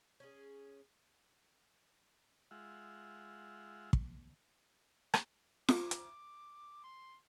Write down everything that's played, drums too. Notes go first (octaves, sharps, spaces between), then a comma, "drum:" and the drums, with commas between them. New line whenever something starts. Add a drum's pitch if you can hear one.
C#4 G#4
G#3 F4 E5 F#5
drum: kick
drum: rim click
D6, drum: snare
drum: hi-hat
C6